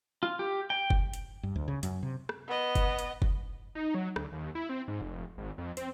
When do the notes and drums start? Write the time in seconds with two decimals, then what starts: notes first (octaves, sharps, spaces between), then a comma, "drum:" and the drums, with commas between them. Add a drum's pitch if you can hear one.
0.23 F4
0.39 G4
0.70 G5
0.90 drum: kick F#1
1.14 drum: hi-hat
1.43 G2
1.56 D2
1.68 C#3
1.83 F#2, drum: hi-hat
2.03 C3
2.29 drum: rim click
2.48 B3 D#5
2.75 drum: kick F#1, hi-hat
2.99 drum: hi-hat
3.22 drum: kick F#1
3.75 D#4
3.95 F#3
4.16 D2, drum: rim click
4.32 D#2
4.55 E4
4.69 C4
4.88 G#2
5.01 F1
5.38 G#1
5.58 F2
5.77 C4, drum: hi-hat